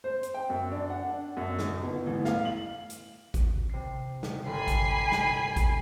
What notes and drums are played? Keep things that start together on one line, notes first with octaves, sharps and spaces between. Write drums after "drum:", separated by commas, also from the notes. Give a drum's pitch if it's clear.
C5
drum: hi-hat
G5
F#2
D4
F#5
D4
F#2
D#4, drum: snare
G1
A1
F5, drum: snare
F#7
drum: hi-hat
drum: kick A1, hi-hat
C3 C7
drum: snare
G1 G#5 B5 C7
drum: kick A1, hi-hat
drum: snare
drum: kick A1, hi-hat